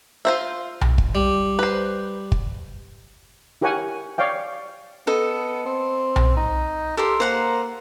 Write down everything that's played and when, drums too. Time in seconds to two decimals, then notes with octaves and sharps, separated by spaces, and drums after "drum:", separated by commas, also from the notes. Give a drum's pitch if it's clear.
0.25 F4 C5 E5
0.81 drum: tom B1
0.98 drum: kick
1.15 G3
1.59 B4 C5
2.32 drum: kick
3.61 E4 G4 A#4 C#5 F#5 G#5
4.18 C#5 D5 F5 G5
5.07 B3 A4 D#5
5.66 C4
6.16 drum: tom B1
6.37 D#4
6.97 G4 A4 A#4 C6
7.20 A#3 C5 F#5 A#5